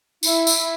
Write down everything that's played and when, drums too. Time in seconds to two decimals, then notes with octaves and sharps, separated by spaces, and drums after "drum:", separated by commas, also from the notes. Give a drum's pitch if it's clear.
0.23 E4, drum: tambourine
0.47 drum: tambourine